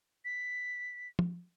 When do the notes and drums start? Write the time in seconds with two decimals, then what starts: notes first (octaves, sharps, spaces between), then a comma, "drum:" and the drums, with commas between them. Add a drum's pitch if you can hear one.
0.25 B6
1.19 drum: tom